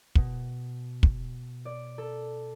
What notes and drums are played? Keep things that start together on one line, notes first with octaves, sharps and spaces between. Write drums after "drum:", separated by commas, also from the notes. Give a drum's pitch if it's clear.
B2, drum: kick
drum: kick
D5
A4